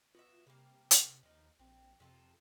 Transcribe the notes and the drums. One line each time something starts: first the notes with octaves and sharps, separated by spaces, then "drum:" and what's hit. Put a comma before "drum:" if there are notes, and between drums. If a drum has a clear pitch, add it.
B3 F4 F#4 E5
C3 G3 A#3
drum: hi-hat
D#2 F3 D#4
A#1 C4
F2 C3 F4 A4